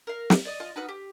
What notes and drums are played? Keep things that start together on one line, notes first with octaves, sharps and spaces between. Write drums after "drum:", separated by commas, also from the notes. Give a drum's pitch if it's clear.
A#4 F5
drum: snare
D5 D#5
F4 D#5
D#4 F#4 B4 F6
G4